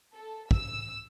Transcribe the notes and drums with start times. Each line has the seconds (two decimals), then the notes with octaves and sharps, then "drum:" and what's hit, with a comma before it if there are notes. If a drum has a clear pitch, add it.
0.14 A4
0.51 E6, drum: kick